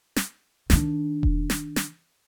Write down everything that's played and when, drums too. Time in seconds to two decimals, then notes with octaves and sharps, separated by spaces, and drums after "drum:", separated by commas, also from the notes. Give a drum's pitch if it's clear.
0.16 drum: snare
0.70 D#3 D4, drum: snare
1.23 drum: kick E1
1.50 drum: snare
1.76 drum: snare